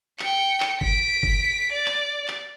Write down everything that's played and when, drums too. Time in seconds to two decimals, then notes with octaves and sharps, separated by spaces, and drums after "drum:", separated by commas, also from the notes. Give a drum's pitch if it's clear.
0.19 G5 C#7, drum: clap
0.60 drum: clap
0.81 B6 D7, drum: kick F#1
1.23 drum: kick F#1
1.73 D5
1.86 drum: clap
2.28 drum: clap